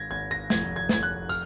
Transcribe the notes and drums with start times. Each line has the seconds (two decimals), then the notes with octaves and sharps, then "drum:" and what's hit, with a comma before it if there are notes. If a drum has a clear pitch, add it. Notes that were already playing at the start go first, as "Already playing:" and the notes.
Already playing: G#1 G#6 A#6
0.11 G#1 G#6
0.31 A#6
0.50 F1 G#6, drum: snare
0.76 G#6
0.89 F1 G#6, drum: snare
1.03 F#6
1.29 F6, drum: tambourine